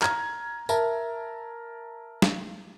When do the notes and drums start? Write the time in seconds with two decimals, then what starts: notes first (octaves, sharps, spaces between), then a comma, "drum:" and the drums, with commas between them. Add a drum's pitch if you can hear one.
0.02 A#5 F6 G#6, drum: clap
0.69 A#4 E5 A5 A#5, drum: tambourine
2.22 drum: snare